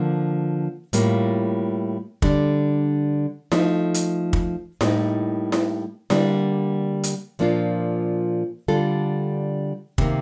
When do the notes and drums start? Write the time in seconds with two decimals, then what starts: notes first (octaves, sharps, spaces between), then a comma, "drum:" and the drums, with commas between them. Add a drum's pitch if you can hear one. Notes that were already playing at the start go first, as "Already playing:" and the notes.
Already playing: D3 F3 A#3
0.93 A2 G3 A#3 F4, drum: hi-hat
2.22 D3 G3 D4, drum: kick
3.52 F3 A3 D#4, drum: snare E4
3.94 drum: hi-hat
4.33 drum: kick
4.81 A2 G3 A#3 D#4, drum: snare E4
5.52 drum: snare E4
6.10 D3 G3 A#3 D4, drum: snare E4
7.03 drum: hi-hat
7.39 A#2 F3 A#3 D4 F4
8.68 D3 G3 D4 F4 A4
9.98 C3 D#3 A#3, drum: kick